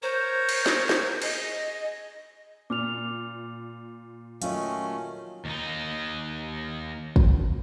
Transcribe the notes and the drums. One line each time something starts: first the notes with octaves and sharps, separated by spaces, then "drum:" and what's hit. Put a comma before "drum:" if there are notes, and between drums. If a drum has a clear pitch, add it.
A#4 C5 C#5
drum: cymbal
drum: snare
drum: snare
G#4 D#5, drum: cymbal
A#2 D6 F6 F7
D#3 F#3 A3 C#4 F4 D#5 F5, drum: hi-hat
D#2 D#4
drum: kick